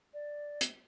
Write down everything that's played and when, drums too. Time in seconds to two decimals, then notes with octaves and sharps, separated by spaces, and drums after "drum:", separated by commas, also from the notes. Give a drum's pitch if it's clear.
0.14 D5
0.61 drum: hi-hat